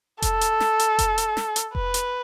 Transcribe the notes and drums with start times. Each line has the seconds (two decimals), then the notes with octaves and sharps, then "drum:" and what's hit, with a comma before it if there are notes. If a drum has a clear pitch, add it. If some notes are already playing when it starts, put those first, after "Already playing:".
0.22 A4, drum: kick F1, hi-hat
0.41 drum: hi-hat
0.60 drum: snare
0.79 drum: hi-hat
0.99 drum: kick F1, hi-hat
1.18 drum: hi-hat
1.37 drum: snare
1.56 drum: hi-hat
1.75 B4, drum: kick F1
1.94 drum: hi-hat